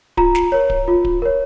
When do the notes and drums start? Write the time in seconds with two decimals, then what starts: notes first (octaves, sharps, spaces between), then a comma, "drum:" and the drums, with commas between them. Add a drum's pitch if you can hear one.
0.17 F4 A#5, drum: kick D1
0.35 drum: snare
0.52 A#4 C#5
0.70 drum: kick D1
0.88 F4
1.05 drum: kick D1
1.22 A#4 C#5